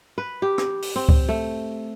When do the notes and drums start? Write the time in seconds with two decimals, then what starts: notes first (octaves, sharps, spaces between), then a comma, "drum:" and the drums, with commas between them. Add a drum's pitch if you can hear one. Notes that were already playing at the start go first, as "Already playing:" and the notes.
0.18 B4
0.42 G4
0.58 drum: rim click
0.82 drum: open hi-hat
0.96 C4
1.09 drum: kick C#2
1.29 A3